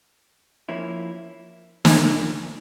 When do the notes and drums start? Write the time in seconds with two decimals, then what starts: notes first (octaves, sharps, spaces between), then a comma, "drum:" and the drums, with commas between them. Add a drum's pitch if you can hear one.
0.69 F3 A#3 C#4 E4
1.85 A#2 F3 A#3 D4, drum: snare